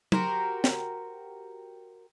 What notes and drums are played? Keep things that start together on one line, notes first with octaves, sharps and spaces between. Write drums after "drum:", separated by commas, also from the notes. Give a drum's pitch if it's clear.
F#4 G4 A#4 C5, drum: tom F#3
drum: snare